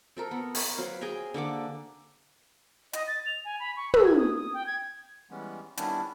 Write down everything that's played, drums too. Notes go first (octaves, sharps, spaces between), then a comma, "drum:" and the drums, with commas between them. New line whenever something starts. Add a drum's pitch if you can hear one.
C4 A4 A#4
B3
A#4 B5, drum: open hi-hat
F#3 C4 B4 F5
G#4 G5 G#5 A#5
D3 A#3 F#5 D6
D#5, drum: hi-hat
A6
F7
G#5
B5
C#6
E6, drum: tom
G#6
D#6
D#6
G5
G#6
E3 G3 G#3 B3 C#4
D#3 G3 B3 C#4 D4 E4, drum: hi-hat